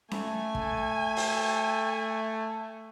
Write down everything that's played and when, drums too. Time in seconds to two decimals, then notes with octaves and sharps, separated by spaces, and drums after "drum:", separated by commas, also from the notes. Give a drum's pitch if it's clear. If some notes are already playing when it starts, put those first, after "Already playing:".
0.11 A3 G#5, drum: snare C#4
0.55 drum: kick
1.17 drum: open hi-hat